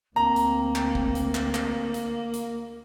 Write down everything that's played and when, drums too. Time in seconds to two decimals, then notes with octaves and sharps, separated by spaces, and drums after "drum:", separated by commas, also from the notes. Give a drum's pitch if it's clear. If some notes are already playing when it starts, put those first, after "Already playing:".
0.16 D2 A#3 C4 A#5
0.36 drum: hi-hat
0.75 drum: clap
0.95 drum: kick
1.15 drum: hi-hat
1.35 drum: clap
1.54 drum: clap
1.94 drum: hi-hat
2.33 drum: hi-hat